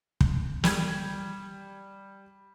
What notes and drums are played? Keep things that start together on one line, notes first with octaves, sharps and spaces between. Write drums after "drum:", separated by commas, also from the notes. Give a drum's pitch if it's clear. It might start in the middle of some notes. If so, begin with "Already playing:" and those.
drum: kick
G3 G#6, drum: snare